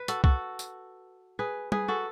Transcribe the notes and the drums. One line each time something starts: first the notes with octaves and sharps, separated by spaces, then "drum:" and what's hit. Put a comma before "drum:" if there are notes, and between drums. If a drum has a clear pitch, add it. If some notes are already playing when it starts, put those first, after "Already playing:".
Already playing: B4
F#4 A4, drum: hi-hat
F#4 A4, drum: kick C2
drum: tambourine
G#4 B4
G#4 B4, drum: tom
F#4 A4